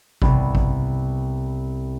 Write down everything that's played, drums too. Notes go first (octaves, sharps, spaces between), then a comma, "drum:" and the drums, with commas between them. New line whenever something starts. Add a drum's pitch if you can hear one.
C2 B3, drum: kick A1
drum: kick A1